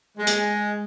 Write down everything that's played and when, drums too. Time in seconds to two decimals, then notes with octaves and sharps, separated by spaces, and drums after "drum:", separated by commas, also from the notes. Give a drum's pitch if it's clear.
0.18 G#3
0.27 drum: hi-hat